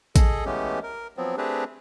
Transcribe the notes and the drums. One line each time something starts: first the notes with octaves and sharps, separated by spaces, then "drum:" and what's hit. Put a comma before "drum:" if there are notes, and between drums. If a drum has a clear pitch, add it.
G#4 A4 D#5, drum: kick A1, hi-hat
E3 G#3 A3 B3 C#4 G4
A#4
F3 F#3 B3 C4
A3 C4 D4 G4 G#4 B4